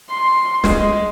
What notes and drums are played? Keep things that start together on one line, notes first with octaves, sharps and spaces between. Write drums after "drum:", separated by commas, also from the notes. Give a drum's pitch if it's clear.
C6
G#3, drum: snare